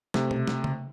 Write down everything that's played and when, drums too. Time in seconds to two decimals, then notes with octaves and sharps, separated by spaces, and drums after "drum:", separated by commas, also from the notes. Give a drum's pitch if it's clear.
0.14 C3 A3, drum: snare
0.31 drum: tom B2
0.48 drum: snare
0.64 drum: tom C#3